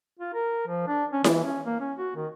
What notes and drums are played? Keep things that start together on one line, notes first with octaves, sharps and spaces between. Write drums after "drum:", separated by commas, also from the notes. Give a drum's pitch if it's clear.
F4
A#4
F3
D4
C#4
E3, drum: snare E4
C#4
A#3
C#4
F#4
D#3